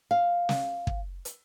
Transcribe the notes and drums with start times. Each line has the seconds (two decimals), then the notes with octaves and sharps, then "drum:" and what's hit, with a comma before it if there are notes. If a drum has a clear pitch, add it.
0.11 F5
0.49 drum: snare
0.87 drum: kick
1.25 drum: hi-hat